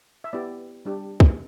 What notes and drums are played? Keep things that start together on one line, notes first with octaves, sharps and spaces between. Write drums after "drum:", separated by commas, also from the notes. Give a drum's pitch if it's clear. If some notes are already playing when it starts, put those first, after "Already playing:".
E5
B3 E4 G4 D5
G3 D4 G4
drum: kick